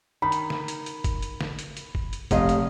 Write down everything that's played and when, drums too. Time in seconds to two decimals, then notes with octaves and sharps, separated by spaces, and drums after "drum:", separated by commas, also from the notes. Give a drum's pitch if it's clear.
0.22 D#3 B5
0.32 drum: hi-hat
0.50 drum: snare
0.68 drum: hi-hat
0.86 drum: hi-hat
1.04 drum: kick F#1, hi-hat
1.22 drum: hi-hat
1.41 drum: snare
1.59 drum: hi-hat
1.77 drum: hi-hat
1.95 drum: kick F#1
2.13 drum: hi-hat
2.31 F1 A#2 D#5 F5, drum: kick F#1, hi-hat
2.49 drum: hi-hat